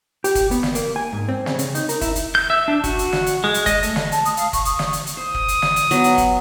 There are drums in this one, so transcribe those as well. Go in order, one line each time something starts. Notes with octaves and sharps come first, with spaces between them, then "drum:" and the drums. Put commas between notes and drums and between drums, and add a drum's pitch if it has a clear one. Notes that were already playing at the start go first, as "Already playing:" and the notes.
G4, drum: hi-hat
drum: kick, hi-hat
B3, drum: hi-hat
drum: snare
A#3, drum: hi-hat
G#5
G#2
C4
C#3, drum: snare
C#3, drum: hi-hat
D#4, drum: hi-hat
A#4, drum: hi-hat
E4, drum: kick, hi-hat
drum: hi-hat
G6
E5
D4
F#4, drum: kick, hi-hat
drum: hi-hat
drum: snare
drum: hi-hat
G#3
drum: hi-hat
D#5, drum: kick, hi-hat
A3, drum: hi-hat
drum: snare
A5, drum: hi-hat
D#6, drum: hi-hat
F5, drum: hi-hat
C#6, drum: kick, hi-hat
D#6, drum: hi-hat
drum: snare
drum: hi-hat
drum: hi-hat
C5 D#6
drum: kick
drum: hi-hat
drum: snare
drum: hi-hat
F#3 B3, drum: hi-hat
drum: hi-hat
drum: kick, hi-hat